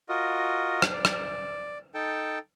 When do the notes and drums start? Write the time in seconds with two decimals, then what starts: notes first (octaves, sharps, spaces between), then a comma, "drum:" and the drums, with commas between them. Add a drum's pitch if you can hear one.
0.09 F4 F#4 A#4 D#5
0.82 drum: rim click
0.93 D5
1.05 drum: rim click
1.94 D#4 A4 G5 A5